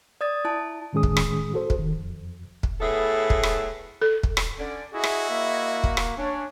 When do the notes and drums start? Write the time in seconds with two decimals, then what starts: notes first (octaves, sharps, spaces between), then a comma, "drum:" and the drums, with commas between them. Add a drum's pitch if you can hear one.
0.21 D5 D#6 A6
0.45 E4 A5
0.93 A2 D#3 G#3 C#4 G#4 D#6
1.03 drum: kick
1.17 drum: rim click
1.54 F#4 A4 C5
1.70 drum: kick
1.79 D#3
1.98 F2
2.63 drum: kick
2.80 A2 B3 G#4 A4 E5
3.30 drum: kick
3.43 drum: rim click
4.02 A4
4.23 drum: kick
4.37 drum: rim click
4.59 D3 C#4 D5
4.93 E4 F#4 G#4 D#5 E5
5.04 drum: rim click
5.30 A#3
5.84 drum: kick
5.97 drum: rim click
6.18 C#4 D4 C#5